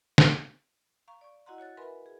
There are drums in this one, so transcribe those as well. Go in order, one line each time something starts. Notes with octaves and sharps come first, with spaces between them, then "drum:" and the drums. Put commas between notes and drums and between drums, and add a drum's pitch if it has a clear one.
drum: snare
F5 A#5 C#6
D5 C#6
E4 F#4 D#5 F#5 A#5 C6
F#4 C#5 F#6 A6
A#4 B4 E5 G#5 B5 C6
G#4